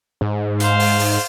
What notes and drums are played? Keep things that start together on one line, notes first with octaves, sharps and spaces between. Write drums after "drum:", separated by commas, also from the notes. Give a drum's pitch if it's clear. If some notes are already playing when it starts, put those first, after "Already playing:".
G#2
C5 F5, drum: hi-hat
drum: open hi-hat
drum: open hi-hat